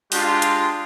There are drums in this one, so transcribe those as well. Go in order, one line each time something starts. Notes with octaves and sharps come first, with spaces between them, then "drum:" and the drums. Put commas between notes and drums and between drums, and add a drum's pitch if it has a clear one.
G#3 D4 F4 G4, drum: open hi-hat
drum: hi-hat